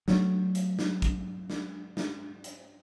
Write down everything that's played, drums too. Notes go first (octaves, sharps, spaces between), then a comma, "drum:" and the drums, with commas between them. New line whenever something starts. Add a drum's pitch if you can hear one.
F#3 A3, drum: snare
drum: hi-hat
drum: snare
drum: kick, hi-hat
drum: snare
drum: snare
drum: hi-hat